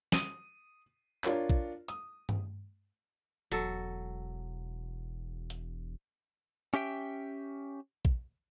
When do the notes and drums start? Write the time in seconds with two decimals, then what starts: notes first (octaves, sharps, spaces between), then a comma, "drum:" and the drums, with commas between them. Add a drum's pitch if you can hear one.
0.12 D#6 D#7, drum: snare
1.24 D4 F4 A#4 C#5, drum: clap
1.50 drum: kick A#1
1.88 D#6, drum: hi-hat
2.29 drum: tom G2
3.52 E1 F#3 A4, drum: hi-hat
5.50 drum: hi-hat
6.74 C#4 G4 E5 G5
8.05 drum: kick A#1